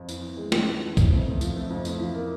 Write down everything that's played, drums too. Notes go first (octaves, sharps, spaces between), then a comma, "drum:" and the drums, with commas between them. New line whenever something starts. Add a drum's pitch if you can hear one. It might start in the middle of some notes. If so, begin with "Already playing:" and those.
Already playing: F2
E3, drum: tambourine
E3
G#3
C#4, drum: snare
E3
E3
A3, drum: kick, tambourine
F2
C3
F3, drum: tambourine
A3
F2
E4, drum: tambourine
F3
A#3